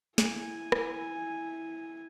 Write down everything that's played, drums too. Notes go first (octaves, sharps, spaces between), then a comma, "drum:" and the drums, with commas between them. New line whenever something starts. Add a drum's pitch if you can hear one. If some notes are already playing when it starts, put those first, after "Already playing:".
E4 G#5, drum: snare
drum: rim click